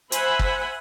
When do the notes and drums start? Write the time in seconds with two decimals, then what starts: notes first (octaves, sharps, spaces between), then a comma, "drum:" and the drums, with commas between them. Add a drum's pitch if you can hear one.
0.12 C5 E5 F#5 G#5 B5, drum: hi-hat
0.39 drum: kick G1